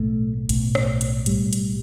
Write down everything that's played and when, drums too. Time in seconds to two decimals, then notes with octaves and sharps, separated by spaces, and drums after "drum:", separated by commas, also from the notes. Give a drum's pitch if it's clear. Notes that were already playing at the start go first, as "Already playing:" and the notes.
Already playing: B1 A2 A3
0.49 B1 A2, drum: hi-hat
0.75 drum: rim click
1.01 drum: hi-hat
1.26 B1 A2 G3, drum: hi-hat
1.53 drum: hi-hat